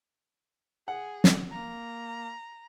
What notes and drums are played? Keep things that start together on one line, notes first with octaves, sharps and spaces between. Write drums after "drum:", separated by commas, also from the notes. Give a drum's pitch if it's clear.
G#4 F#5
drum: snare
A#3 A#5